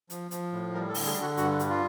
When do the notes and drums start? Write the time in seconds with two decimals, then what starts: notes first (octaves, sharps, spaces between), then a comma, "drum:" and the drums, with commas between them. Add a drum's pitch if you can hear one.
0.10 F3, drum: hi-hat
0.31 F3, drum: hi-hat
0.52 A2
0.74 G3 A#4
0.89 A4
0.94 D3, drum: open hi-hat
1.05 G#4
1.17 D3 F#4
1.37 G2 F#4, drum: hi-hat
1.59 G3, drum: hi-hat
1.69 F4